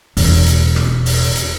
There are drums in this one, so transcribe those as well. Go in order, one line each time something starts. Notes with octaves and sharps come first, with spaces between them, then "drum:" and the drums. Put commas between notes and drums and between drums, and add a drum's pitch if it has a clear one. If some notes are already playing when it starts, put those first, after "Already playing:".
E1 B2, drum: open hi-hat
drum: hi-hat
drum: rim click
drum: open hi-hat
drum: hi-hat